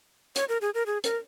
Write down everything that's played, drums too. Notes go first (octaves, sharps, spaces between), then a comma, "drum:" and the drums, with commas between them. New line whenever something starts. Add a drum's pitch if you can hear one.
C#5, drum: hi-hat
A#4
G#4
A#4
G#4
A#4, drum: hi-hat